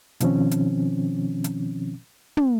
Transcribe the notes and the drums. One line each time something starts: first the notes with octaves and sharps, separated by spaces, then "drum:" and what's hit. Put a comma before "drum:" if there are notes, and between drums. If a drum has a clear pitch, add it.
B2 D#3 F3 C4 C#4, drum: hi-hat
drum: hi-hat
drum: hi-hat
drum: tom